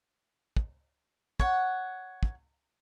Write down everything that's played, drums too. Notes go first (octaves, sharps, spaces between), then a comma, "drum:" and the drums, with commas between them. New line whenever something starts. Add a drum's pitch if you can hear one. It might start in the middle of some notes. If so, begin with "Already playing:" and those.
drum: kick
C#5 F#5, drum: kick
drum: kick